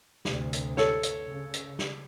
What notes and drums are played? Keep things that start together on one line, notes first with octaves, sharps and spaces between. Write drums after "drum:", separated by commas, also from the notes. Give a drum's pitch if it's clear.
D2 G2 C3, drum: snare
drum: hi-hat
A4 C#5, drum: snare
drum: hi-hat
C#3
drum: hi-hat
drum: snare